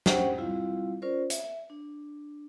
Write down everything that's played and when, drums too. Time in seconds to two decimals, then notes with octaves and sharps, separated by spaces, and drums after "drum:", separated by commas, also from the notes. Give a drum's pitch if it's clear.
0.06 C#4 D4 G4 C5 F#5 G5, drum: snare
0.38 G3 C4 E4 F4 F5
1.02 C#4 F4 A#4 C5 D5
1.30 E5, drum: hi-hat
1.70 D4